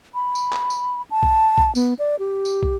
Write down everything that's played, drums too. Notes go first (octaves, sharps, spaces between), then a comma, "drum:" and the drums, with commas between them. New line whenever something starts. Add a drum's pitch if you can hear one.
B5
drum: tambourine
drum: clap
drum: tambourine
A5
drum: kick
drum: kick
B3, drum: tambourine
D5
G4
drum: tambourine
drum: kick